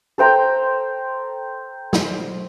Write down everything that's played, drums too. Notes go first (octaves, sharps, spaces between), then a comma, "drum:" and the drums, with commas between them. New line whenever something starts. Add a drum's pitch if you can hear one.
A4 C5 G5 A#5
drum: snare